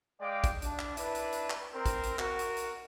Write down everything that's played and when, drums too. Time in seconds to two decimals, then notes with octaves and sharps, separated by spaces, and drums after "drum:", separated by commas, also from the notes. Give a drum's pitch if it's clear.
0.21 G#3 D5 F5 G5 D6
0.44 drum: kick, hi-hat
0.62 D4, drum: hi-hat
0.79 drum: clap
0.97 D4 E4 B4 D5, drum: hi-hat
1.15 drum: hi-hat
1.32 drum: hi-hat
1.50 drum: clap
1.74 C4 A#4
1.86 drum: kick, hi-hat
2.03 drum: hi-hat
2.19 F#4 A#4, drum: clap
2.39 drum: hi-hat
2.56 drum: hi-hat